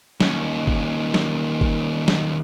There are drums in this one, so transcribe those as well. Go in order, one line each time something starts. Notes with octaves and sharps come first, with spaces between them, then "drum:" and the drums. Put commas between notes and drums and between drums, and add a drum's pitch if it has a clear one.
D#2 C#4, drum: snare
drum: kick G1
drum: snare
drum: kick G1
drum: snare